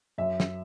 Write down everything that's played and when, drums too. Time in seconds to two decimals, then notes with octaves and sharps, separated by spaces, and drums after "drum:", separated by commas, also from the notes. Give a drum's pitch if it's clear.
0.18 F#2 E5
0.40 drum: snare